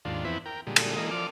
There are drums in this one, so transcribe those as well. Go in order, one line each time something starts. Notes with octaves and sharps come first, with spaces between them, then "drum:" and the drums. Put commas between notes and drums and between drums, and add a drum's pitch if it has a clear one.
D#2 G#2 D4 F4
F2 E3 B3 C4 E4 B5
A#4 G5
A#2 D3 G3 G#3
drum: cymbal
E3 G#3 A#3 D#5
F3 D5 D6 F6